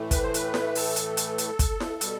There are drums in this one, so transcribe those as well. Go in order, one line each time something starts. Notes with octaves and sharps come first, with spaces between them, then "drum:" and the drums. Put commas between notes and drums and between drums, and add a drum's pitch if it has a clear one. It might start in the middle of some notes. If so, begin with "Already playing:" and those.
Already playing: A2 E3 A3
B4, drum: kick, hi-hat
C5
B4, drum: hi-hat
drum: snare E4
A4, drum: open hi-hat
drum: hi-hat
drum: hi-hat
drum: hi-hat
drum: kick, hi-hat
drum: snare E4
B2 G3, drum: hi-hat